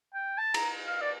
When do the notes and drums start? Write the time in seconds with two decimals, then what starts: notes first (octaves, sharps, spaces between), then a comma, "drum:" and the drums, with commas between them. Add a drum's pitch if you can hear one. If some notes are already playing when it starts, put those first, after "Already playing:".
0.14 G5
0.38 A5
0.54 A#5, drum: cymbal
0.86 F5
1.02 D5